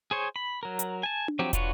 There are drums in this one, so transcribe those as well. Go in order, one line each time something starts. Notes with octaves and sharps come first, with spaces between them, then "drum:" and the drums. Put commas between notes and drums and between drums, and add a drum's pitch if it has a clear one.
G#4 C5 C#5
B5
F#3 A#4
drum: hi-hat
G#5 A5
drum: tom D4
F3 F#3 C4 G4
D4 F4 F#4 B4 C#5, drum: kick, hi-hat